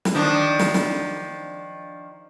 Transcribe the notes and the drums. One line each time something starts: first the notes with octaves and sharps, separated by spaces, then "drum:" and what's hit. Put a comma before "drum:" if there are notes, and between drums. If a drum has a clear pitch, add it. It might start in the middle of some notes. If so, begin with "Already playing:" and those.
drum: snare
D#3 F3 D4
drum: snare
drum: snare